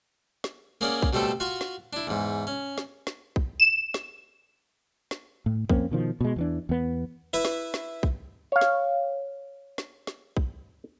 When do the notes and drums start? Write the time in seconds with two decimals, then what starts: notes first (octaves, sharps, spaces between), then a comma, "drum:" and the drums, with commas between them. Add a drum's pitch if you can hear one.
0.44 drum: snare
0.81 A#3 C#4 G#4 D5 F#5
1.02 drum: kick
1.13 B2 G3 A3 C4 A4
1.40 F4 F#4 F#5 C#6
1.61 drum: snare
1.93 D4 E4
2.07 E2 G#2
2.47 C#4
2.78 drum: snare
3.07 drum: snare
3.36 drum: kick
3.60 E7
3.94 drum: snare
5.11 drum: snare
5.46 A2
5.70 F2 A#3 C4 C#4, drum: kick
5.91 B2 D#3 F3
6.21 B2 G#3
6.36 E2 E3 D4
6.69 E2 B3
7.34 E4 B4
7.45 drum: snare
7.74 drum: snare
8.03 drum: kick
8.52 C#5 F5
8.61 drum: snare
9.78 drum: snare
10.07 drum: snare
10.37 drum: kick